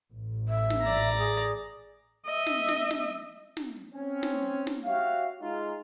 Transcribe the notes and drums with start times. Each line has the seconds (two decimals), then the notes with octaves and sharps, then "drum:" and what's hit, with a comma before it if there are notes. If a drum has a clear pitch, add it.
0.12 A1
0.48 E5
0.70 drum: snare
0.82 D5 A#5
1.18 G#4
2.26 D#5 E5
2.47 drum: snare
2.69 drum: snare
2.91 drum: snare
3.57 drum: snare
3.93 C4 C#4
4.23 drum: snare
4.67 drum: snare
4.85 F#4 G4 C#5 E5 F5
5.41 G#3 D#4 F4